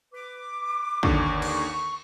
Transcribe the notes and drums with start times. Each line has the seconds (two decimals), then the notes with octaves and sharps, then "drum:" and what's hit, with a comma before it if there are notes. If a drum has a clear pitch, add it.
0.14 B4 D6
1.03 D#2 D3 C#6, drum: kick
1.42 drum: cymbal